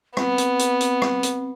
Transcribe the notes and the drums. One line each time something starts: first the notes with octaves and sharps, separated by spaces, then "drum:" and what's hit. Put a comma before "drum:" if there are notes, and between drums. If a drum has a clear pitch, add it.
B3 C4, drum: rim click
drum: hi-hat
drum: hi-hat
drum: hi-hat
drum: rim click
drum: hi-hat